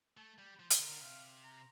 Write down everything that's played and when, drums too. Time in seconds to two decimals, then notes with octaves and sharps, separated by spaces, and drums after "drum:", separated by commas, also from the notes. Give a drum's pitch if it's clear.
0.17 A3 A5
0.38 G3 G5
0.59 F3 C5
0.70 D#3, drum: hi-hat
0.80 D3 A#4
0.91 D3
1.02 C3 F5
1.44 A#5